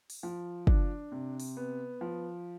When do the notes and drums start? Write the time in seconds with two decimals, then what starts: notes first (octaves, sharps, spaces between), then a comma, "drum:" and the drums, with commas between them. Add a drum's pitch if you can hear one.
0.10 drum: open hi-hat
0.23 F3
0.67 D4, drum: kick
1.12 C3
1.40 drum: open hi-hat
1.57 B3
2.01 F3